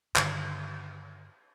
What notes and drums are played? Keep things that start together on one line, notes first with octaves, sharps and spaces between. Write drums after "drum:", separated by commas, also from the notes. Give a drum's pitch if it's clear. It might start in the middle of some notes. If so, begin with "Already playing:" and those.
G2 D3 D#3, drum: clap